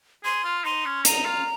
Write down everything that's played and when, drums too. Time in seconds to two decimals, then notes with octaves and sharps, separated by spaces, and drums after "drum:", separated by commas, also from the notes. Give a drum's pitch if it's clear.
0.24 G#4 C6
0.44 F4
0.65 D#4 C6
0.85 C#4
1.05 D#4 A#5, drum: hi-hat
1.25 F4